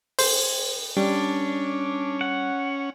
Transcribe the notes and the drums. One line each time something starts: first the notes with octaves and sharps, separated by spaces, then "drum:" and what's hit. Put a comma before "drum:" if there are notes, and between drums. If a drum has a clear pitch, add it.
C5, drum: open hi-hat
G3 C#4 D4
F#5